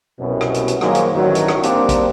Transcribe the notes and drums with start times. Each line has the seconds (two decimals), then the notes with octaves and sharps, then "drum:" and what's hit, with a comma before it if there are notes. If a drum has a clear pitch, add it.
0.20 C2 F#2 B2
0.41 drum: rim click
0.54 drum: hi-hat
0.68 drum: hi-hat
0.81 D#3 F3 F#3 G#3 A#3, drum: rim click
0.95 drum: hi-hat
1.16 A1 G2 D#3 F#3
1.35 drum: hi-hat
1.48 drum: rim click
1.63 G3 A#3 C4 D4, drum: hi-hat
1.89 drum: kick, hi-hat